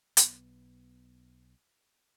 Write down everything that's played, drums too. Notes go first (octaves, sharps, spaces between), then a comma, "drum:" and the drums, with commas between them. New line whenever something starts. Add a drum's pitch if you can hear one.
B1 B3, drum: hi-hat